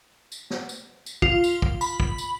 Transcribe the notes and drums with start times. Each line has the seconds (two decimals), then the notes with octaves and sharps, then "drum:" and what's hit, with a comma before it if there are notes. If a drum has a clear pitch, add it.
0.32 drum: tambourine
0.50 drum: snare
0.69 drum: tambourine
1.06 drum: tambourine
1.22 F4, drum: kick
1.44 drum: tambourine
1.62 drum: kick
1.81 B5, drum: tambourine
2.00 drum: kick
2.18 drum: tambourine